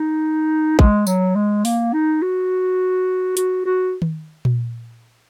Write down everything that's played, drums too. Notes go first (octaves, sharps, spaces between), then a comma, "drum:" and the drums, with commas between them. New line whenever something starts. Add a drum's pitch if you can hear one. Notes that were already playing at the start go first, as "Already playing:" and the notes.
Already playing: D#4
G#3, drum: kick
F#3, drum: tambourine
G#3
A#3, drum: open hi-hat
D#4
F#4
F#4, drum: hi-hat
F#4
drum: tom D#3
drum: tom A#2